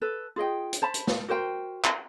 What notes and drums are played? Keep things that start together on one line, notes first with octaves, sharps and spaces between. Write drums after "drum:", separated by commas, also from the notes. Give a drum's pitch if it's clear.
A4 B4
F4 G#4 D#5 G5
drum: hi-hat
C5 A5 B5
drum: hi-hat
drum: snare
F#4 A#4 C5 G5
drum: clap